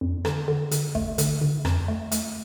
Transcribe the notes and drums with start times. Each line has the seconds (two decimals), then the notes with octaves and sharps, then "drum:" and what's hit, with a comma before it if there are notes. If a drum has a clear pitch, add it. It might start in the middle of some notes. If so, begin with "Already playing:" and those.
0.01 F2
0.25 D3, drum: rim click
0.48 D3
0.71 D3, drum: hi-hat
0.95 A3, drum: kick
1.18 D3, drum: hi-hat
1.41 D3
1.65 F2, drum: rim click
1.88 A3
2.12 A3, drum: hi-hat